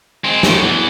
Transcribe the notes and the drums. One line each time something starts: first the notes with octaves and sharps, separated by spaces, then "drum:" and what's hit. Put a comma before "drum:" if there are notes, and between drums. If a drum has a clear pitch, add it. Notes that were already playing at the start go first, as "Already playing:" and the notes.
G#3 C4
A2, drum: snare
E2 E3